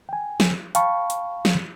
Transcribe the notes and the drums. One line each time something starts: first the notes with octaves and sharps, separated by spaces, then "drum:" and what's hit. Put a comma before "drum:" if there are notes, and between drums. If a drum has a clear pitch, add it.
G5 G#5
drum: snare
F5 G5 A5 B5 C#6, drum: hi-hat
drum: hi-hat
drum: snare